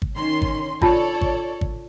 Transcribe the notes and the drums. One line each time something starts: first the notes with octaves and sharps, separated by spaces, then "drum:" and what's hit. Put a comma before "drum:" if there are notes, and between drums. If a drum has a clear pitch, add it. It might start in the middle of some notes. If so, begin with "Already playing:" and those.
drum: kick
D#3 C#4 C6
drum: kick
D4 F4 A4 C#5 D5 A5, drum: kick
drum: kick
drum: kick